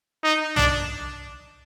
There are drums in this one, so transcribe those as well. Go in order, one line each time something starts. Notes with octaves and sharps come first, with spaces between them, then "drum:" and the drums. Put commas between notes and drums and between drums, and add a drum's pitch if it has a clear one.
D#4
D4, drum: tom